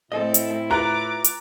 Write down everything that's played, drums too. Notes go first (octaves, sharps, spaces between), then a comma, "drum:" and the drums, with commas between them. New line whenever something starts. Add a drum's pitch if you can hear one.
A2 A3 C4 E4 A4 D#5
drum: hi-hat
F4 B4 E5 A#5 D6 F#6 A6
drum: hi-hat